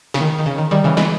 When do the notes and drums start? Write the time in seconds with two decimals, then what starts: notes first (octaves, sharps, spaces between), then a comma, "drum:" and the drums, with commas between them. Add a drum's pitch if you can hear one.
0.14 C#3, drum: snare
0.20 D#3
0.39 D#3
0.46 C#3
0.58 D#3
0.71 D#3 G3
0.84 C#3 E3
0.97 E3 G#3, drum: snare